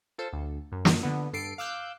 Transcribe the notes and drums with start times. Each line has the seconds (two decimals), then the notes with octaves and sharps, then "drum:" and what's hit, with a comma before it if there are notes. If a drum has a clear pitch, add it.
0.18 F4 A4 C5
0.33 D2
0.72 F#2
0.85 drum: snare
1.03 D3 B3
1.33 G2 A4 C7 D7
1.58 F5 D6 E6 F#6 G6